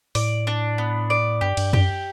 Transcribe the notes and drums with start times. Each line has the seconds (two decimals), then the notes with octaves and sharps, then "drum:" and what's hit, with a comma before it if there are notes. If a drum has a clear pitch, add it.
0.15 A2 D5, drum: open hi-hat
0.47 D4
0.78 B3
1.10 D5
1.41 G2 G4
1.57 G2, drum: cymbal
1.73 F#2 G4, drum: tom F#2